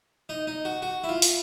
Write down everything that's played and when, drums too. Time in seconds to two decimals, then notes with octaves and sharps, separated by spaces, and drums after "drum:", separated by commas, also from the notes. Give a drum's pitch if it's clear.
0.29 D#4
0.47 D#4
0.65 F#4
0.82 F#4
1.04 E4
1.09 F4
1.22 drum: open hi-hat